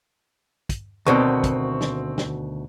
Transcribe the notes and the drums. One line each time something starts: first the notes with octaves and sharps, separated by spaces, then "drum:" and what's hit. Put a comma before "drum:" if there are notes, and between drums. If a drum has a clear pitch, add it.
drum: kick, hi-hat
D2 B2 D#3 C4 C#6
drum: kick, hi-hat
drum: snare
drum: snare